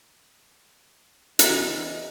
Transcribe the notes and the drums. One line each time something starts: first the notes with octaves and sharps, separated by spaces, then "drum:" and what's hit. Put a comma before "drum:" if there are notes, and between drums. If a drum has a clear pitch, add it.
E2 D#5, drum: hi-hat